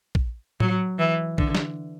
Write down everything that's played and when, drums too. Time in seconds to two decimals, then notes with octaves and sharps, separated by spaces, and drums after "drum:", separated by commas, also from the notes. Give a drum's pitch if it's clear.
0.15 drum: kick A#1
0.60 F#3, drum: tom A2
0.99 E3
1.38 D3, drum: kick A#1
1.55 drum: snare